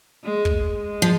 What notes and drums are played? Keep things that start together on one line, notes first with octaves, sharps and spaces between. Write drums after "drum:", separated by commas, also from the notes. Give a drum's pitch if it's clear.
G#3
drum: kick
G#3
F3